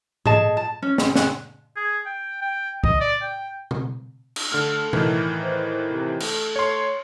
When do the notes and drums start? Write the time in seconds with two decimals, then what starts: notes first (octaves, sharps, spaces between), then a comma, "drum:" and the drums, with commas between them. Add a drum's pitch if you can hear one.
0.26 G#4 A4 D#5 A5, drum: tom G#2
0.57 A5
0.82 C#4
0.98 C#4, drum: snare
1.15 D4, drum: snare
1.76 G#4
2.06 G5
2.41 G5
2.84 D#5, drum: kick C2
3.00 D5
3.22 G5
3.71 drum: tom B2
4.36 drum: cymbal
4.52 D3 A3 F6
4.93 A2 D#3 E3, drum: tom B2
5.43 C5
5.91 C3
6.20 A3, drum: cymbal
6.56 C#5 C6